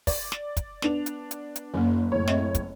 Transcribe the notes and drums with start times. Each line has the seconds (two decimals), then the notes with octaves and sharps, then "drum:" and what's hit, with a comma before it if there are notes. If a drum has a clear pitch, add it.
0.07 D5, drum: kick, open hi-hat
0.32 drum: snare
0.57 drum: kick, hi-hat
0.82 B3 D4 F7, drum: snare
1.06 drum: hi-hat
1.31 drum: hi-hat
1.56 drum: hi-hat
1.74 F#1 A#3 C#4
2.12 F#1 A2 C#5
2.28 A3 C4 D#5, drum: snare
2.55 drum: kick, hi-hat